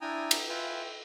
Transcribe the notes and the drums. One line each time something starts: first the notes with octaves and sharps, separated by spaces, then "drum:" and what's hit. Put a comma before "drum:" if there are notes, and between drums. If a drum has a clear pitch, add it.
D4 E4 G5 G#5 A#5 D#6
drum: cymbal
F4 B4 E5 G5 G#5